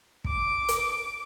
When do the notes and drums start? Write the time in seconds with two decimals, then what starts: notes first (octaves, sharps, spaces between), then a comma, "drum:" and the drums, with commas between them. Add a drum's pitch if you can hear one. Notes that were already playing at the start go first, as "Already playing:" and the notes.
0.24 D6, drum: kick
0.68 drum: hi-hat